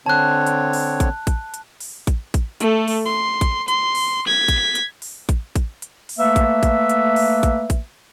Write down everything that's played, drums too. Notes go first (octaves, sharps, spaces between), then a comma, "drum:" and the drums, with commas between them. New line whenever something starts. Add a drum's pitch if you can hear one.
D3 C4 C#5 A5 F#6
drum: hi-hat
drum: open hi-hat
drum: kick A1, hi-hat
drum: kick A1, hi-hat
drum: hi-hat
drum: open hi-hat
drum: kick A1, hi-hat
drum: kick A1, hi-hat
A3 A4, drum: hi-hat
drum: open hi-hat
C6
drum: kick A1, hi-hat
C6, drum: hi-hat
drum: open hi-hat
G#6 B6
drum: kick A1, hi-hat
drum: hi-hat
drum: open hi-hat
drum: kick A1, hi-hat
drum: kick A1, hi-hat
drum: hi-hat
drum: open hi-hat
A3 A#3 B4 E5
drum: kick A1, hi-hat
drum: kick A1, hi-hat
drum: hi-hat
drum: open hi-hat
drum: kick A1, hi-hat
drum: kick A1, hi-hat